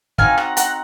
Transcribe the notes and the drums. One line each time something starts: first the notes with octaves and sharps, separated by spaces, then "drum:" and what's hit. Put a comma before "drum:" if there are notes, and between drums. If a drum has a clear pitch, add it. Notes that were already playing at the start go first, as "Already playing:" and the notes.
C4 D#4 F#4 F5 G#5, drum: kick
F#5 A#5, drum: rim click
F#5 A#5, drum: hi-hat